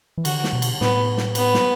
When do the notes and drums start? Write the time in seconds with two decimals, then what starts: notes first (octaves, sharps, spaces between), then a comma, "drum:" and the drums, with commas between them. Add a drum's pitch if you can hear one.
0.18 E3
0.25 D3 F#4, drum: cymbal
0.44 drum: snare
0.53 B2
0.62 drum: cymbal
0.81 A2 B3, drum: snare
1.17 drum: snare
1.35 B3, drum: cymbal
1.54 drum: snare